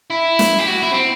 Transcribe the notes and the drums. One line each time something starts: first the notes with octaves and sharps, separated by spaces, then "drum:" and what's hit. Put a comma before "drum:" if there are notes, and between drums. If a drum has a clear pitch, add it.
E4
drum: snare
G4
F#4
E4
C4